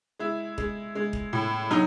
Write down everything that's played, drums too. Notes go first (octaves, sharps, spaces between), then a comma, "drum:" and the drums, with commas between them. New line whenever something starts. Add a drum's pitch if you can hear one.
G#3 E4
G#3, drum: kick E1
G#3
drum: kick E1
A2
F#3 D#4